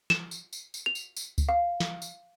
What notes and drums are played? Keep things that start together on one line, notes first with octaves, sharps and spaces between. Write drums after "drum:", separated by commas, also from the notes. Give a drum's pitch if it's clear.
E7, drum: snare
drum: tambourine
drum: tambourine
drum: tambourine
F7
drum: tambourine
drum: tambourine
drum: kick C#2, tambourine
F5
drum: snare
drum: tambourine